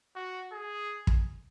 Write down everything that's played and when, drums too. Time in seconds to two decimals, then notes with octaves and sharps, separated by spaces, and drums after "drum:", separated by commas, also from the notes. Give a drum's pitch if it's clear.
0.15 F#4
0.52 G#4
1.07 drum: kick